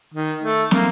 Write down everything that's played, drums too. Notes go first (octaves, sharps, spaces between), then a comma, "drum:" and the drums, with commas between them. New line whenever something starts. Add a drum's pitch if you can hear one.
D#3
A3
A#3, drum: snare